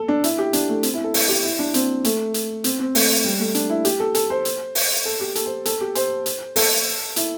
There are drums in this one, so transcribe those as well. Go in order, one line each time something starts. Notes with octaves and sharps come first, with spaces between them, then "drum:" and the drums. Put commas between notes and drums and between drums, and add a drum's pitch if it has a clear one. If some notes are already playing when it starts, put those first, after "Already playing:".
Already playing: A4
D4
E4, drum: hi-hat
G4
D4, drum: hi-hat
A3
C4, drum: hi-hat
E4
A4
A4, drum: open hi-hat
G4
E4
D4
C4, drum: hi-hat
A3, drum: hi-hat
drum: hi-hat
C4, drum: hi-hat
C4
A3, drum: open hi-hat
G3
A3
D4, drum: hi-hat
E4
G4, drum: hi-hat
A4
A4, drum: hi-hat
C5
drum: hi-hat
drum: open hi-hat
A4
G4
A4, drum: hi-hat
C5
A4, drum: hi-hat
G4
C5, drum: hi-hat
drum: hi-hat
A4, drum: open hi-hat
E4, drum: hi-hat